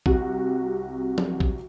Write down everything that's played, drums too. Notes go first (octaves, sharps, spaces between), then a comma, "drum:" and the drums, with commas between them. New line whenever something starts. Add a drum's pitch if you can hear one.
C2 C3 F#4, drum: kick A#1
drum: tom F3
drum: kick A#1